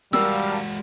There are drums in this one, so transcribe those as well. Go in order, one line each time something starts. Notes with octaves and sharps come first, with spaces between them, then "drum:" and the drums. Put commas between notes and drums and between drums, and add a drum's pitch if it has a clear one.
G3 G#3 F#4 A#4 F5 A5 E6, drum: snare